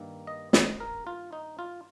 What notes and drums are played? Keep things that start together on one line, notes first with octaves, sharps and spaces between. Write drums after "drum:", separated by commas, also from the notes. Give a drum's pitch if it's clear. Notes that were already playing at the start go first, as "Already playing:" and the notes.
Already playing: G2 D#3 A#3
D#5
D#5, drum: snare
A#4
F4
D#4
F4